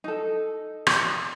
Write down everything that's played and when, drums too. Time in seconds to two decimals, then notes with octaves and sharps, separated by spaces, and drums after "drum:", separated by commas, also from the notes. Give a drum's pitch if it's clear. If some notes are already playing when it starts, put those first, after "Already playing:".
0.04 D#4 A4
0.87 drum: rim click